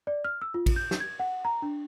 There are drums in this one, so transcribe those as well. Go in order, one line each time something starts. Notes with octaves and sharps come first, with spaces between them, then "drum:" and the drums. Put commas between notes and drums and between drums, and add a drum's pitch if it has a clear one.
D5
F6
E6
F4
drum: kick A1, cymbal
G6
drum: snare
G#6
F#5
A#5
D4